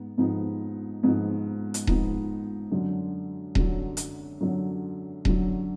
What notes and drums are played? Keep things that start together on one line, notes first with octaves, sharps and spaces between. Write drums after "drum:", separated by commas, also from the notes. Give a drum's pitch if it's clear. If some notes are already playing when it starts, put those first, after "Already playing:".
Already playing: G#2 B3 D#4
G#2 F3 B3 D#4
G#2 F3 B3 D#4
drum: hi-hat
G#2 F3 B3 D#4, drum: kick D#1
F#2 D3 F#3
F#2 D3 F#3, drum: kick D#1
drum: hi-hat
F#2 D3 F#3
F#2 D3 F#3, drum: kick D#1